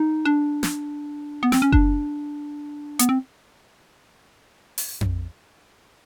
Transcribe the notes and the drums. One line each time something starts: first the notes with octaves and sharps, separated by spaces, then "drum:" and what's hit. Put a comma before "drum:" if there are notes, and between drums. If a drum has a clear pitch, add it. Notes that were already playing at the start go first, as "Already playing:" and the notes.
Already playing: D#4
D4
drum: snare
B3
C4, drum: snare
C#4
D4, drum: kick F#1
B3, drum: hi-hat
C4
drum: open hi-hat
drum: tom F2